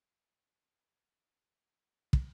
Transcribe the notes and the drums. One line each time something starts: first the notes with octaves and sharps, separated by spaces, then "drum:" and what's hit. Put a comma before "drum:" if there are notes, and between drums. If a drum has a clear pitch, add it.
D5 G5
A4 A#4 D#5
E3 C4 G4 E5 C6
F4 A#4 B4
B2 D4 G4 C#5 G5
drum: kick